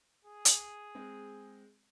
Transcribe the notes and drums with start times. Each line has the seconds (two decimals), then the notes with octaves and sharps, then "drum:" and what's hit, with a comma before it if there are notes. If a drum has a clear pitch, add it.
0.25 G#4
0.45 drum: hi-hat
0.95 G#3 C4